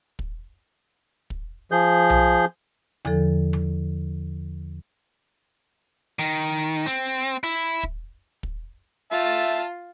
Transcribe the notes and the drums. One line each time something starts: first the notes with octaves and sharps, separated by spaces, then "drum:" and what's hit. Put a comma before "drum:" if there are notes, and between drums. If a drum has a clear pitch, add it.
drum: kick
drum: kick
F3 G#4 G6
drum: tom B1
E2 D3 F3 A4, drum: tom D3
drum: tom D3
D#3
C4
E4, drum: hi-hat
drum: kick
drum: kick
F4 E5 A5